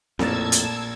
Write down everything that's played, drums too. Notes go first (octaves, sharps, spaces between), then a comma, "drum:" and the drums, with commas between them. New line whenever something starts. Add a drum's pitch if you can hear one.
A#1 F2 A2 A#3 A5 E6 G#6 A6, drum: snare C4
drum: hi-hat